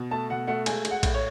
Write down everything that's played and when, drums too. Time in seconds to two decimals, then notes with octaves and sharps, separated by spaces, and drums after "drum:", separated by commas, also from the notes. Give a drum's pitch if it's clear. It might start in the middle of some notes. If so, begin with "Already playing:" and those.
Already playing: B2
0.11 A3 A5
0.30 B2 F#5
0.47 A3 F#5
0.66 G#3 G#5, drum: cymbal
0.85 G#3, drum: cymbal
0.91 F#5
1.03 A2, drum: kick A#1, cymbal
1.14 C#5